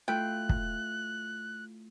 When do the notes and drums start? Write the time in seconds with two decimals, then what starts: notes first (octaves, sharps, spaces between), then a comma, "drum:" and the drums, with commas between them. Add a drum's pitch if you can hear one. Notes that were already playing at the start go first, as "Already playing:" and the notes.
0.08 A3 E4 F4 G5 F#6
0.49 drum: kick